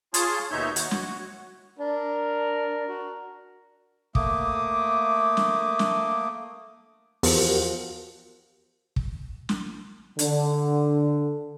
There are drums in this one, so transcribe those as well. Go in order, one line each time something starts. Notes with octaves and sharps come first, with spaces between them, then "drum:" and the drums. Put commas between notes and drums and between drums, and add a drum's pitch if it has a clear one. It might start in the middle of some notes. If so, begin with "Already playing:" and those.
F4 G#4 C#5 A5 C6, drum: hi-hat
D#2 B2 D#4 C#5 E5 G6
F#4 C#5, drum: hi-hat
drum: snare
D4 A#4
F#4
A3 A#3 D6 D#6, drum: kick
drum: snare
drum: snare
E2 F3 F#4 G4 A#4, drum: open hi-hat
drum: kick
drum: snare
D3, drum: hi-hat